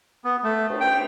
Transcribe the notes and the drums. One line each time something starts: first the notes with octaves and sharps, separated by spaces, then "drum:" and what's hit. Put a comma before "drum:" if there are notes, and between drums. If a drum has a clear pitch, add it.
B3
A3
drum: cymbal
G5